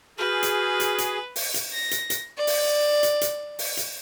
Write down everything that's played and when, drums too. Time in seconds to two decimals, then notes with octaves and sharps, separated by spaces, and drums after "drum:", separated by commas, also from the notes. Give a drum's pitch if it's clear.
0.18 F#4 G#4 B4 F6 G6
0.43 drum: hi-hat
0.80 drum: hi-hat
0.98 drum: hi-hat
1.36 drum: open hi-hat
1.54 drum: hi-hat
1.73 A#6
1.91 drum: hi-hat
2.10 drum: hi-hat
2.37 D5
2.47 drum: open hi-hat
3.03 drum: hi-hat
3.21 drum: hi-hat
3.59 drum: open hi-hat
3.77 drum: hi-hat